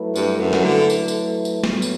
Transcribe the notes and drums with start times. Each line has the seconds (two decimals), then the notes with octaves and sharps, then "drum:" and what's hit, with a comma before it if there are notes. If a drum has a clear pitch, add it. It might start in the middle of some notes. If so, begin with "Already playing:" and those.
Already playing: F#3 A3 E4 B4
0.16 G2, drum: tambourine
0.40 F#2
0.53 drum: snare
0.65 D3
0.90 drum: tambourine
1.08 drum: tambourine
1.45 drum: tambourine
1.64 A2 F#3 B3, drum: snare
1.82 drum: tambourine